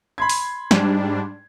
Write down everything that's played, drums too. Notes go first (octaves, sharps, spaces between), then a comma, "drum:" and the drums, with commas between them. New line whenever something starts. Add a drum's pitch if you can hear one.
B5 C6 G#6
drum: open hi-hat
G#2 G3 D4, drum: snare